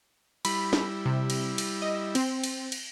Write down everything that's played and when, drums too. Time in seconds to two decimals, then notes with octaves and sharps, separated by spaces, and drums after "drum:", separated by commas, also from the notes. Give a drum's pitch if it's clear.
0.45 G3 E4 B5, drum: cymbal
0.73 drum: snare
1.06 C3
1.30 drum: cymbal
1.58 drum: cymbal
1.82 D#5
2.15 C4, drum: cymbal
2.44 drum: cymbal
2.72 drum: cymbal